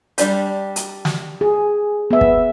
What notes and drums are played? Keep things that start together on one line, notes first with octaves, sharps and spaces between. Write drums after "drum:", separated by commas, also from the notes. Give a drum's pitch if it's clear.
G3 D4 G4, drum: hi-hat
drum: hi-hat
drum: snare
G#4
B3 E5
drum: kick